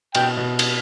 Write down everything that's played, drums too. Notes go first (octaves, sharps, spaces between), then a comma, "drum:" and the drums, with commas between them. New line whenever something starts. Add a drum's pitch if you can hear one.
B2 G5, drum: cymbal
B2
drum: cymbal